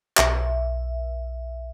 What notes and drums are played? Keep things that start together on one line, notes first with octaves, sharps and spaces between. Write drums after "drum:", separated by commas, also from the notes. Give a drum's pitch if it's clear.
B1 E5, drum: clap